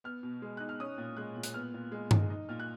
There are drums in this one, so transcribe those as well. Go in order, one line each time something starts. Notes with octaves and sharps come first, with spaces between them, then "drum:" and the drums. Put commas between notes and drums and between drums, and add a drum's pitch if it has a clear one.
B3 F6
B2
G#3
D#4 F#6
F6
C#4 D#6
A#2
G#3 F#6
A#2
F#6, drum: hi-hat
B3 F6
A#2
G#3
D#4, drum: tom G2
D#4
A#2 F6
F#6